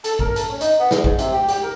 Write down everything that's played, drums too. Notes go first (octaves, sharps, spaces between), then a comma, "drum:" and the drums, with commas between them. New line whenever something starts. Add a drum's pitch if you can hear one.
A4, drum: hi-hat
A#4, drum: kick A1
A4, drum: hi-hat
C#4
D#4, drum: hi-hat
B3
E2, drum: snare
G#2, drum: kick A1
C3, drum: hi-hat
G4
G4, drum: hi-hat
A#4